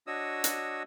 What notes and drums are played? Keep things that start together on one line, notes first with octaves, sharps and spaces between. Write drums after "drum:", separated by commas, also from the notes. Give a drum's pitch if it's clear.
D4 F#4 C#5 D#5 D#6 E6
drum: hi-hat